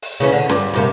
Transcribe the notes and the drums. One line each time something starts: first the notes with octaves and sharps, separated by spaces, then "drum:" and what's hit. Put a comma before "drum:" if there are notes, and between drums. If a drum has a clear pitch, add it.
drum: open hi-hat
C#3 E3 C#4
D3
G2, drum: snare C#4
G2 C3 A#3, drum: hi-hat